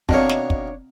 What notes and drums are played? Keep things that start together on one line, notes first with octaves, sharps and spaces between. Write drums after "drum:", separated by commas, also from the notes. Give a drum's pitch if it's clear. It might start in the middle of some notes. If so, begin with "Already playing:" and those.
B2 D#3 A#3 C4 D4 C#5, drum: kick
drum: snare
drum: kick